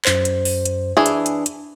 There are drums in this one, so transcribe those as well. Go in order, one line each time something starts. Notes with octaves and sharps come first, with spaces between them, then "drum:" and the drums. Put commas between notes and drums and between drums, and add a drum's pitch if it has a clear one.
F#2 C5, drum: clap
drum: hi-hat
drum: open hi-hat
drum: hi-hat
E3 D4 G#4
drum: hi-hat
drum: hi-hat
drum: hi-hat